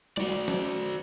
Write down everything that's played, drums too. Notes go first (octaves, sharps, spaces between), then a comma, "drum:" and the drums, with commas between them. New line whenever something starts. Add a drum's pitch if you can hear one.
F#4 D5, drum: tom G3
drum: snare